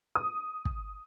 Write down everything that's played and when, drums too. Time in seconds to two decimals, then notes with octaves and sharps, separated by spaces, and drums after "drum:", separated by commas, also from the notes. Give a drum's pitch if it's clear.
0.15 D#6
0.65 drum: kick